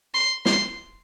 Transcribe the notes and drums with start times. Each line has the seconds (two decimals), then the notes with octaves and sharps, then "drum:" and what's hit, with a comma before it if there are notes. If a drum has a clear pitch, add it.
0.14 C6
0.45 C6, drum: snare